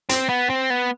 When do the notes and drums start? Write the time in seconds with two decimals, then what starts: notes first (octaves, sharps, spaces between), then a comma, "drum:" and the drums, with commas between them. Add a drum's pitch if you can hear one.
0.09 C4, drum: hi-hat
0.29 B3
0.50 C4
0.70 B3